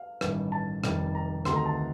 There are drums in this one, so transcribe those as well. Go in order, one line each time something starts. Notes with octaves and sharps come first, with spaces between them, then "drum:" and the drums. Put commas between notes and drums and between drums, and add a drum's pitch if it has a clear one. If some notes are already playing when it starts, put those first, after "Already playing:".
Already playing: F5
A1 G2 D#3 G3, drum: rim click
A5
F1 F2 D#3 G3, drum: rim click
A#5
D2 C3 D#3 A3 C6, drum: rim click
A#5
A5